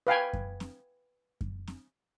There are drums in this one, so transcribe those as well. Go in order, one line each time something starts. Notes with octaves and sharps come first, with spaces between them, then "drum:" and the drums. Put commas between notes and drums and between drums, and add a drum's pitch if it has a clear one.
B4 F5 G5 G#5
drum: kick F#2
drum: snare C4
drum: kick F#2
drum: snare C4